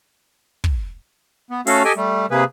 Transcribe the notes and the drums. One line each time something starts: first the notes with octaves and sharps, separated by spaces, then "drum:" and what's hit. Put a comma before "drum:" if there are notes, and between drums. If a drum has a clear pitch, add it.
drum: kick
B3
A3 C#4 F#4 A4 F5, drum: open hi-hat
G4 A4 D#5 G5 G#5
G3 A3
C3 A#3 G#4 B4